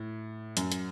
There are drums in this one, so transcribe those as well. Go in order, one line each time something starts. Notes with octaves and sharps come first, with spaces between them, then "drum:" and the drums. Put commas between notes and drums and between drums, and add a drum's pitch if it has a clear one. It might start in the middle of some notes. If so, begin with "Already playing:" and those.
Already playing: A2
F#2, drum: hi-hat
drum: hi-hat